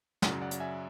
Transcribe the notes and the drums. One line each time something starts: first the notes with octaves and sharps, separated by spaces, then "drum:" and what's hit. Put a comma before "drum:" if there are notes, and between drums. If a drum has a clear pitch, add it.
F#2 C#3 F#3 D5 F#5, drum: snare
D5 F#5
drum: hi-hat
E5 G#5